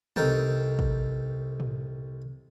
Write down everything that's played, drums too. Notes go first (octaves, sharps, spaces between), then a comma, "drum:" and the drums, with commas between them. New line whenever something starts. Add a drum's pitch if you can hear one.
C2 D#4 A4 A#4 G5 A5, drum: tom
drum: kick A1
drum: tom A2